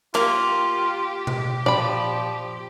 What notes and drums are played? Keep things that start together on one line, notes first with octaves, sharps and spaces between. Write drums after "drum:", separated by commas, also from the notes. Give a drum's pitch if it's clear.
A#3 F4 G4, drum: clap
drum: tom B2
F3 D5 B5, drum: tom A#2